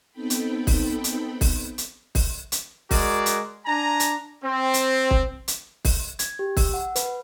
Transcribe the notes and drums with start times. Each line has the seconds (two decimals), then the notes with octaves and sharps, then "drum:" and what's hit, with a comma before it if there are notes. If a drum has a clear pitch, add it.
0.12 B3 C4 D#4 A4 G5 B5
0.30 drum: hi-hat
0.67 drum: kick, open hi-hat
1.04 drum: hi-hat
1.41 drum: kick, open hi-hat
1.78 drum: hi-hat
2.15 drum: kick, open hi-hat
2.52 drum: hi-hat
2.91 G#3 F#4 G#4 A#4 D5, drum: kick, open hi-hat
3.26 drum: hi-hat
3.66 D4 G#5 A#5
4.00 drum: hi-hat
4.44 C4
4.74 drum: hi-hat
5.11 drum: kick
5.48 drum: hi-hat
5.85 drum: kick, open hi-hat
6.19 G#6, drum: hi-hat
6.39 G4
6.57 E6, drum: kick, open hi-hat
6.74 F#5
6.96 B4, drum: hi-hat